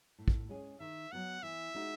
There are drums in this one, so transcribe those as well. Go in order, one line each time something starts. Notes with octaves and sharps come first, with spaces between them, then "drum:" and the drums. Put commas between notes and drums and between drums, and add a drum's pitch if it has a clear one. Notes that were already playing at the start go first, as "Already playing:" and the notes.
A2
drum: kick
G#3 C#4 G#4
D#3 E5
F#3 B3 F#5
E3 E5
G#3 D#4 F#4